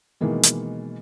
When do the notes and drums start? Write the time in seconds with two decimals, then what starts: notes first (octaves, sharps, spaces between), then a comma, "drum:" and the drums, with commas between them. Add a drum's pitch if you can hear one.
0.21 B2 D#3 E3 G#3 A#3
0.43 drum: hi-hat